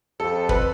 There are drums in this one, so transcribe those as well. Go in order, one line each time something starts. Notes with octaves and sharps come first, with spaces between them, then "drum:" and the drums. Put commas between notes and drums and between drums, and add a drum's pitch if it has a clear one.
F2 A4
B4, drum: kick